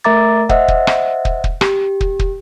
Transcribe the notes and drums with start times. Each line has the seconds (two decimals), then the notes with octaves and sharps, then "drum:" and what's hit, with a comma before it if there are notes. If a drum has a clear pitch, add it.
0.04 A3 A#4 E5 A#5 D6 A6
0.49 C5 D#5 E5 F#5, drum: kick
0.68 drum: kick
0.87 drum: rim click
1.25 drum: kick
1.44 drum: kick
1.61 G4, drum: rim click
2.01 drum: kick
2.19 drum: kick